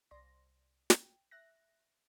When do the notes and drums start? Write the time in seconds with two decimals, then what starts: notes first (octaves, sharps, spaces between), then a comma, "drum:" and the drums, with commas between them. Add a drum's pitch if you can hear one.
0.11 C2 D5 C6 A#6
0.90 G5, drum: snare
1.31 E5 F#6 A#6